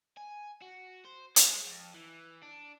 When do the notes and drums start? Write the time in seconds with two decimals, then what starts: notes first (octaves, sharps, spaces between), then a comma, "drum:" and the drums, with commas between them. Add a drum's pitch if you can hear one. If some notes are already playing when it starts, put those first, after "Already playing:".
0.17 G#5
0.61 F#4
1.05 C5
1.36 G#3, drum: hi-hat
1.65 F2
1.94 E3
2.43 D4